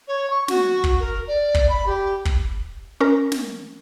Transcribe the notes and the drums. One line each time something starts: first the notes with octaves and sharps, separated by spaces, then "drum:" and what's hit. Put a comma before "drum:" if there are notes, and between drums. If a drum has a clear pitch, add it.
C#5
C#6
F#4, drum: snare
drum: kick
A#4
D5
drum: kick
B5
G4
drum: kick
C#4 A#4
drum: snare